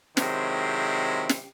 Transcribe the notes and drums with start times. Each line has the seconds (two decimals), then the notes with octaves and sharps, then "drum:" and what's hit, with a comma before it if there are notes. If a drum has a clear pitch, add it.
0.17 C3 D#3 F#3 G#3 C4 E4, drum: snare
1.29 drum: snare